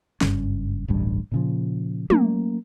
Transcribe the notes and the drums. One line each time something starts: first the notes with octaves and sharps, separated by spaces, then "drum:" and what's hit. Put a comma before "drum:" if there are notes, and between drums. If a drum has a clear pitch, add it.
F#1 G2 C#4, drum: snare
D1 A1 G2 G3
A#2 C#3 F3
F#3 A3 A#3 C#4, drum: tom